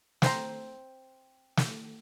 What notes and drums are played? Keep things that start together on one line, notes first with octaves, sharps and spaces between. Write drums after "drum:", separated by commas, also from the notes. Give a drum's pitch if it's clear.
C4 C5 A#5, drum: snare
drum: snare